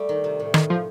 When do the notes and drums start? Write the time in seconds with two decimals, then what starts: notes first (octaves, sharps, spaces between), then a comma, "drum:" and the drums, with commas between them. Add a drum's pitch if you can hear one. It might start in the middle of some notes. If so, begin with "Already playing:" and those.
Already playing: G3 A3
0.09 D#3
0.24 C3
0.40 A2
0.54 D#3, drum: rim click
0.70 F3